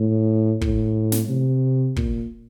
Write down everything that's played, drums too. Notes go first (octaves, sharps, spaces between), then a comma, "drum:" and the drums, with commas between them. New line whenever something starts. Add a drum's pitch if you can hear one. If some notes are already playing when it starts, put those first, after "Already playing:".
Already playing: A2
A2, drum: kick
drum: snare
C3
A#2, drum: kick